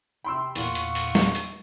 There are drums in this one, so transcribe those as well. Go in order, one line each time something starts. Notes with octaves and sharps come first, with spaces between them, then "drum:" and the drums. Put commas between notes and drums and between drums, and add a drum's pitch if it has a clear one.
C3 G5 B5 C6 E6
E2 A#2 F5 F#5 C#6, drum: open hi-hat
drum: hi-hat
drum: open hi-hat
drum: snare
drum: hi-hat